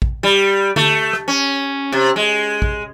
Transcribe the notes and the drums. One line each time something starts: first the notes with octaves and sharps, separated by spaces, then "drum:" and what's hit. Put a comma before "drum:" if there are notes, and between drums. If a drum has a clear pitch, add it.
drum: kick
G3
A3, drum: tom D3
drum: rim click
C#4
C3
G#3
drum: kick